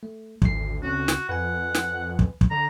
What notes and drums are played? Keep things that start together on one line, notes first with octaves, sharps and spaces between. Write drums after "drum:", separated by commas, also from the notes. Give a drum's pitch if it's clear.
A3
G#1 D2 C7, drum: kick
D2 C#3 C4 C#4 F#4
drum: snare
F2 B4 F#5 G#5
drum: snare
drum: kick
drum: kick
D3 A#5